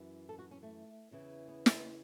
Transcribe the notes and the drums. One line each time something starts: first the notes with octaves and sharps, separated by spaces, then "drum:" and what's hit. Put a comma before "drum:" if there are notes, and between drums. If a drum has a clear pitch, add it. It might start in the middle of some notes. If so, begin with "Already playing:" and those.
Already playing: F#2 E3
A4
F#4
C#4
A3
E2 C#3 E3
B3
drum: snare